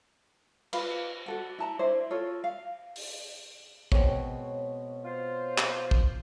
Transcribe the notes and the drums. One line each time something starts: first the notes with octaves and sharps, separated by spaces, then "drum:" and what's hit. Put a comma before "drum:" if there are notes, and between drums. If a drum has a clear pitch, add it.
F4 B4 F5 B5, drum: cymbal
F#4 A4 F#5
E4 A5 A#5
D4 E4 C5
F4 A4 C#5
F5
drum: open hi-hat
B2 G#3 C4 C#5, drum: kick
F4 C5
drum: clap
drum: kick